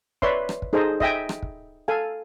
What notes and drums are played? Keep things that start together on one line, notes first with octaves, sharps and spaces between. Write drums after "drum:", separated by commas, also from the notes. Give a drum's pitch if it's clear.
B4 C#5 D5 E5 C6, drum: kick
drum: rim click
drum: kick
D#4 G#4 A4 C5 D#5
D#5 E5 G5 G#5, drum: kick
drum: rim click
drum: kick
A4 F5 G#5